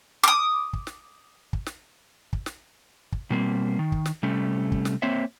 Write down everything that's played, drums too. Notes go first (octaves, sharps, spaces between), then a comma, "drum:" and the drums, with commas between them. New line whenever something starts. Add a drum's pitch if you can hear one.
D6 D#6
drum: kick
drum: snare
drum: kick
drum: snare
drum: kick
drum: snare
drum: kick
B2 G3 A#3 C4
D#3
drum: kick
drum: snare
C3 G3 A3 C#4
drum: kick
drum: snare
A#3 C4 C5 C#5 E5